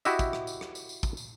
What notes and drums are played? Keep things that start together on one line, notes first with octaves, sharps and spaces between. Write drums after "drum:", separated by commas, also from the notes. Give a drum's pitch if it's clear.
E4 F#4 G4 D#5 E5, drum: tambourine
drum: kick, tambourine
drum: rim click
drum: tambourine
drum: rim click
drum: tambourine
drum: tambourine
drum: kick, tambourine
drum: tambourine